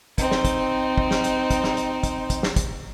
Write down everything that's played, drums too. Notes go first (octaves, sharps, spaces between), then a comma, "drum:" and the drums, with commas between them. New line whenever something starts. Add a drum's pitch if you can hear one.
C4 D#4, drum: kick, hi-hat
drum: snare
drum: kick, hi-hat
drum: kick
drum: snare
drum: hi-hat
drum: kick, hi-hat
drum: snare
drum: hi-hat
drum: kick, hi-hat
drum: kick, hi-hat
drum: snare
drum: kick, hi-hat